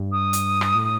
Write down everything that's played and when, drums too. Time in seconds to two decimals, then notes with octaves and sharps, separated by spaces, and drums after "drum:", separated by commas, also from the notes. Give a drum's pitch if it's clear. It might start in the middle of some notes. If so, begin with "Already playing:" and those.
Already playing: G2
0.12 D#6
0.33 drum: hi-hat
0.61 drum: rim click
0.75 A2